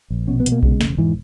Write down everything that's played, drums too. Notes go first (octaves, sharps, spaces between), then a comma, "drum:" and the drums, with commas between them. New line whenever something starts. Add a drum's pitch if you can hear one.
A#1
B2 C#4
B3
B2, drum: hi-hat
A#3
C#3 G#3, drum: kick A#1
E1, drum: snare
G#2 E3